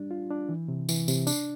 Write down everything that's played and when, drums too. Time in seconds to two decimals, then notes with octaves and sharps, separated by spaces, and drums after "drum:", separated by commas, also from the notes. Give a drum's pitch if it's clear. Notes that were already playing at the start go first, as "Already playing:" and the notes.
Already playing: G3 D4
0.11 F4
0.31 D4
0.49 E3
0.68 C3
0.89 E3, drum: tambourine
1.08 C3, drum: tambourine
1.27 D4, drum: tambourine